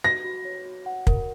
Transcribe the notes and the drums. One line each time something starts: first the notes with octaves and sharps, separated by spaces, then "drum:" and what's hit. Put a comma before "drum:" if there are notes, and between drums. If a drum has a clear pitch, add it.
F#4 A#6
F#4
C#5
F#4
F#5
A#4, drum: kick